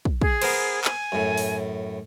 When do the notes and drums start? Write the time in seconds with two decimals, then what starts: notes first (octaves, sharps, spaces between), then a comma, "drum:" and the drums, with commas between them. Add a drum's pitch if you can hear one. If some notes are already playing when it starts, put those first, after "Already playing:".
0.05 drum: kick
0.22 G#4, drum: kick
0.42 B3 A#4 C5, drum: cymbal
0.84 G#5, drum: clap
1.12 F#2 A2
1.38 drum: open hi-hat